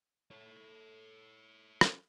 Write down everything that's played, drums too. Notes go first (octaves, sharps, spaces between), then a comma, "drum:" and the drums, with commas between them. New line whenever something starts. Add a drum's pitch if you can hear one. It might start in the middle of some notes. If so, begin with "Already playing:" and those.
A4 C#5
drum: rim click